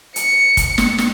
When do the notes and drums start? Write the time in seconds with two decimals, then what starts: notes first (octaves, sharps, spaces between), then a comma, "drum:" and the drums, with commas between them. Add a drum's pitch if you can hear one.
0.16 C#7, drum: hi-hat
0.57 drum: kick, hi-hat
0.78 drum: snare
0.98 drum: snare